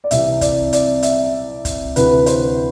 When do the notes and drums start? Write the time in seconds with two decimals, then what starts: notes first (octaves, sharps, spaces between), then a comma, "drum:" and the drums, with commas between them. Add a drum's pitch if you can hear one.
0.04 D5
0.11 C2 C3 E3 E5, drum: hi-hat
0.41 D5, drum: kick, hi-hat
0.73 D5, drum: hi-hat
1.03 E5, drum: hi-hat
1.65 drum: kick, hi-hat
1.96 D2 C3 E3 B4, drum: hi-hat
2.26 C5, drum: hi-hat